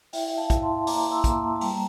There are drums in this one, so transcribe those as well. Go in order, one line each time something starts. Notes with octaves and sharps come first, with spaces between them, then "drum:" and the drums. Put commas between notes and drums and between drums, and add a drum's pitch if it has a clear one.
E4 E5 G5, drum: open hi-hat
F5 A5
E4, drum: kick, hi-hat
A5 C6
A#3 A#5 D6, drum: open hi-hat
C6 E6
A#3, drum: kick, hi-hat
A5 C6
A5
G3 G5 A#5, drum: open hi-hat